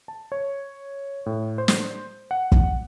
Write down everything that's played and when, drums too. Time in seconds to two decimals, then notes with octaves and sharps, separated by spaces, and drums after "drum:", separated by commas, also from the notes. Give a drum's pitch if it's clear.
0.08 A5
0.32 C#5
1.26 A2
1.58 C5
1.68 drum: snare
2.31 F#5
2.52 drum: kick